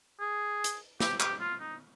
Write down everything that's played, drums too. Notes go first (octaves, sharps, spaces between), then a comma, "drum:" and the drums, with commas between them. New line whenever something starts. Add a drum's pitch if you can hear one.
G#4
drum: hi-hat
G4, drum: snare
G4, drum: clap
F4
D#4